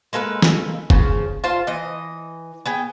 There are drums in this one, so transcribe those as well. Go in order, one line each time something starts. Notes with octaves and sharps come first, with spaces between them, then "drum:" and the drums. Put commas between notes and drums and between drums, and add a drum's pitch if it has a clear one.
G#3 A#3 A4 B4
drum: snare
C#3 F3, drum: kick
F4 C5 A5
E3 D#5
B3 G#4 G5